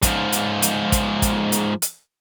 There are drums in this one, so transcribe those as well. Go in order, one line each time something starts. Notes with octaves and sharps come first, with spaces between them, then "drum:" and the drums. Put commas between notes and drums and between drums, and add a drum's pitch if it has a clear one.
G#2 F3, drum: kick, hi-hat
drum: hi-hat
drum: hi-hat
drum: kick, hi-hat
drum: kick, hi-hat
drum: hi-hat
drum: hi-hat